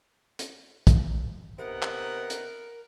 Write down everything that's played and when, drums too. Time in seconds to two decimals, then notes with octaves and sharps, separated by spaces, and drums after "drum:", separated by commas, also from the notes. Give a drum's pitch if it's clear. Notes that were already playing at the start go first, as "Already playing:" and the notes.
0.39 drum: hi-hat
0.87 drum: kick, hi-hat
1.58 C3 B3 D#4 A#4 F#5
1.82 drum: clap
2.30 drum: hi-hat